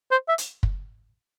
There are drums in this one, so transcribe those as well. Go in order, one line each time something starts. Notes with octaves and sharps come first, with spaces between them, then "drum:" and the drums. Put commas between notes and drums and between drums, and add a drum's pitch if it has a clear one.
C5
E5
drum: hi-hat
drum: kick